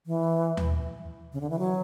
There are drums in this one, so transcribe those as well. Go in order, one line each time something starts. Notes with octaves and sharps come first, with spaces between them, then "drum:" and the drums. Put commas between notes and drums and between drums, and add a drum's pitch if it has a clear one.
E3
drum: tom D#2
C#3
D3
E3
F#3